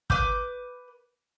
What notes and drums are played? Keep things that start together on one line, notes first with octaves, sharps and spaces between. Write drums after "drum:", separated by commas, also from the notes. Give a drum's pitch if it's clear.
B4 D6 G6, drum: kick